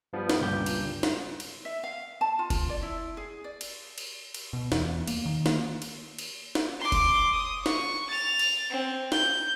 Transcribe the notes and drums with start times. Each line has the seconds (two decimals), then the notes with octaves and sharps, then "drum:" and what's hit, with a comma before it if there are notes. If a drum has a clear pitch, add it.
0.13 G2 F3 G3 B3
0.30 drum: snare
0.41 G1 C#2 G2 A#2 G4 G6
0.66 drum: cymbal
1.03 drum: snare
1.40 drum: cymbal
1.65 E5
1.84 F5
2.21 A5
2.39 F4
2.50 drum: kick F1, cymbal
2.69 D5
2.82 E4
3.17 G#4
3.44 D5
3.61 drum: cymbal
3.98 drum: cymbal
4.34 drum: cymbal
4.53 B2
4.72 E2, drum: snare
5.07 A#3, drum: cymbal
5.26 D#3
5.46 A#3, drum: snare
5.82 drum: cymbal
6.19 drum: cymbal
6.55 drum: snare
6.80 C6 D6
6.92 drum: kick F1, cymbal
7.34 D#6
7.66 C#6, drum: snare
8.10 A6 F7
8.39 drum: cymbal
8.70 C4
9.12 G6, drum: snare